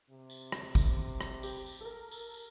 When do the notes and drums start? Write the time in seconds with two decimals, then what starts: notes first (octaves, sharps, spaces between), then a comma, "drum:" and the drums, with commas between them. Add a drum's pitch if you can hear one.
0.10 C3
0.30 drum: tambourine
0.52 drum: rim click
0.75 drum: kick, tambourine
1.21 drum: rim click
1.43 G4, drum: tambourine
1.66 drum: tambourine
1.81 A4 A#4
2.11 drum: tambourine
2.34 drum: tambourine